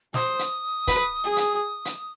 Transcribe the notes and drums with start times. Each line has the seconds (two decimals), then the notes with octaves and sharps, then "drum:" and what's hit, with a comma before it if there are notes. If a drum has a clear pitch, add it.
0.14 C5 D#6, drum: snare
0.39 drum: hi-hat
0.87 B4, drum: kick, hi-hat
1.24 G#4
1.36 drum: hi-hat
1.85 drum: hi-hat